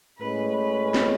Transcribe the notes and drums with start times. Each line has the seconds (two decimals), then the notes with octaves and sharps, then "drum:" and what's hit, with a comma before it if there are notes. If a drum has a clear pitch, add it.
0.18 A2 G#3 C#4 B4
0.60 B4
0.94 drum: snare